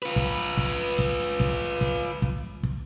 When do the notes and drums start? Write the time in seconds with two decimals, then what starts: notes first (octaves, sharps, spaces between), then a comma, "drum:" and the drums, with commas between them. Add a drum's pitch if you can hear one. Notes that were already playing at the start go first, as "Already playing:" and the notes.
0.02 F4 B4
0.16 drum: kick
0.57 drum: kick
0.99 drum: kick
1.40 drum: kick
1.81 drum: kick
2.22 drum: kick
2.63 drum: kick